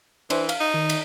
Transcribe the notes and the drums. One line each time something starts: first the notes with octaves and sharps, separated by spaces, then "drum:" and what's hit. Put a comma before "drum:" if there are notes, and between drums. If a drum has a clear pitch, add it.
E3 D4 C5, drum: cymbal
F5, drum: cymbal
D#4
D#3
drum: cymbal